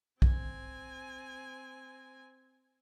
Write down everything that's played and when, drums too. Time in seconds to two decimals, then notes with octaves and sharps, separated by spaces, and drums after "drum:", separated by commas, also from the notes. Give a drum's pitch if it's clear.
0.22 C4 G#5, drum: kick B1